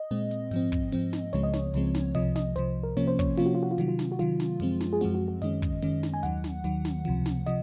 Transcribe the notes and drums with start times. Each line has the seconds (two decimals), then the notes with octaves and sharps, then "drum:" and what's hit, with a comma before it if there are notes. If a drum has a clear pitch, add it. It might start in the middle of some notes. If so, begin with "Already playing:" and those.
Already playing: D#5
0.11 A#2 G#3 C4
0.31 drum: hi-hat
0.51 G#2 F3 C4, drum: hi-hat
0.72 drum: kick
0.92 G#2 F3 C4, drum: open hi-hat
1.13 drum: snare
1.33 C#2 C#3 F3 G#3 C4 C#5, drum: hi-hat
1.43 D#5
1.53 C#5, drum: snare
1.74 C#2 C#3 F3 G#3 C4, drum: hi-hat
1.95 drum: snare
2.15 C2 C3 F3 D#5, drum: open hi-hat
2.36 D#5, drum: snare
2.56 C2 C3 F3 C5, drum: hi-hat
2.83 A#4
2.97 C3 F3 A#3 C#4 C#5, drum: hi-hat
3.07 C5
3.19 C#5, drum: kick, hi-hat
3.38 C3 F3 A#3 C#4 F4, drum: open hi-hat
3.46 F#4
3.55 F4
3.63 F#4
3.71 F4
3.78 C3 D#3 F#3 F#4, drum: hi-hat
3.88 F4
3.99 drum: snare
4.12 F#4
4.19 C3 D#3 F#3 F4, drum: hi-hat
4.40 drum: snare
4.60 F#2 F3 G#3 C4, drum: open hi-hat
4.81 drum: snare
4.93 G#4
5.01 F#2 F3 G#3 C4 F#4, drum: hi-hat
5.14 F#4
5.28 F#4
5.42 F#2 D#3 G#3 C#4 D#5, drum: hi-hat
5.62 drum: kick, hi-hat
5.83 F#2 D#3 G#3 C#4, drum: open hi-hat
6.03 drum: snare
6.14 G#5
6.23 D#2 D#3 F#3 F#5, drum: hi-hat
6.44 drum: snare
6.64 D#2 D#3 F#3, drum: hi-hat
6.85 drum: snare
7.05 C#2 C3 F3, drum: open hi-hat
7.26 drum: snare
7.46 C3 F3 D#5, drum: hi-hat